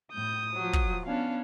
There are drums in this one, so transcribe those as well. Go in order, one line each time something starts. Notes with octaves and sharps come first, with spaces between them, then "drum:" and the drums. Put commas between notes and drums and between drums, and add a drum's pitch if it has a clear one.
A2 D#6 G6
F3 F#3
drum: kick
B3 C#4 D4 F5